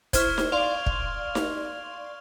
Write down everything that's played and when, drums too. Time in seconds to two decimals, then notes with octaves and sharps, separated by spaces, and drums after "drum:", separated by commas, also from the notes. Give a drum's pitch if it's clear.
0.13 E4 C5 C#6 F6 G#6, drum: kick, hi-hat
0.38 drum: snare D#4
0.52 D5 F5 C6 F7
0.86 drum: kick
1.35 drum: snare D#4